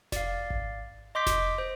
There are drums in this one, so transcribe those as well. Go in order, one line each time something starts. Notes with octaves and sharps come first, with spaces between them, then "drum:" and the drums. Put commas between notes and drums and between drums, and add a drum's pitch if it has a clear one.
D5 F5, drum: snare F1
drum: kick G#1
D#5 C6 D6 G6 B6
drum: snare F1
C5